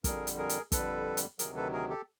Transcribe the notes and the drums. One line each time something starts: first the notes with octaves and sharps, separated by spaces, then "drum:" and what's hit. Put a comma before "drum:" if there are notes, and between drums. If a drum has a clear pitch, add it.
F2 D3 G3 G#4 A#4, drum: kick, hi-hat
drum: hi-hat
G#4 A#4
drum: hi-hat
F2 D3 G3 A4 B4, drum: kick, hi-hat
drum: hi-hat
D2 C3 D#3 F#3 G#4 A#4, drum: hi-hat
A4 B4
G#4 A#4
G4 A4